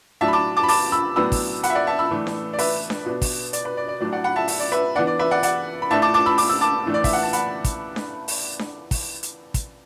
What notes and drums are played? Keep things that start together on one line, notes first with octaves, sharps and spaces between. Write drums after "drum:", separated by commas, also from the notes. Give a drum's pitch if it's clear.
A2 F#3 D4 E5 A5
B5
A5 D6
A5 D6
B5
A5 D6, drum: open hi-hat
B5 E6
A2 F#3 B3 D4 B5 E6
drum: kick, open hi-hat
F#5 B5, drum: hi-hat
E5
D5 F#5
E5 A5
B5 E6
A2 E3 A3 D4
drum: snare D4
D5
B4 E5, drum: open hi-hat
drum: snare D4
B2 B3 D4
drum: kick, open hi-hat
D5, drum: hi-hat
B4
D5
D5
A2 F#3 A3 D4 D5
D5 F#5
F#5 B5
E5 A5
E5, drum: open hi-hat
D5
B4 E5
E3 B3 D4 D5 F#5
D5
B4 E5
D5 F#5
D5 F#5, drum: hi-hat
B5
A2 A3 D4 E5 A5
A5 D6
A5 D6
B5 E6
D6, drum: open hi-hat
E6
A5 D6
A2 E3 A3 D4
D5
E5, drum: kick, open hi-hat
F#5
A5
F#5 B5, drum: hi-hat
drum: kick, hi-hat
drum: snare D4
drum: open hi-hat
drum: snare D4
drum: kick, open hi-hat
drum: hi-hat
drum: kick, hi-hat